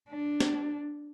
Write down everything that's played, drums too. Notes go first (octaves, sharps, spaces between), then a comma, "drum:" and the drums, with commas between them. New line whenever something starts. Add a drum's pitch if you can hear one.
D4
drum: snare